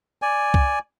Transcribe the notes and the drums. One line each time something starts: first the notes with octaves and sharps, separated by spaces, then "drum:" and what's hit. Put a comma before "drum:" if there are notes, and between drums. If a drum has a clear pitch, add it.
D5 G#5
drum: kick C2